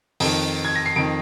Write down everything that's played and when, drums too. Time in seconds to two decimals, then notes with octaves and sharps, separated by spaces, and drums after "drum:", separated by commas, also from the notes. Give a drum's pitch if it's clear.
0.20 F2 D#3, drum: open hi-hat
0.65 G#6
0.75 A#6
0.86 C7
0.96 F2 D#3 D7